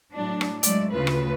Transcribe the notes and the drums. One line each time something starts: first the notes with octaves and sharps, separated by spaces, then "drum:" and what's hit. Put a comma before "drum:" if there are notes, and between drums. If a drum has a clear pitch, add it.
A2 F#3 D4
drum: rim click
F#3 G#3 A3 D5, drum: hi-hat
D2 C#3 F4 B4
drum: rim click